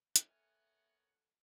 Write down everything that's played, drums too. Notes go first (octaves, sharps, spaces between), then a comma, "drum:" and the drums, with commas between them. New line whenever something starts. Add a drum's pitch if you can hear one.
B3 A4 A#4 C#5 E5 F#5 G#5 F6, drum: hi-hat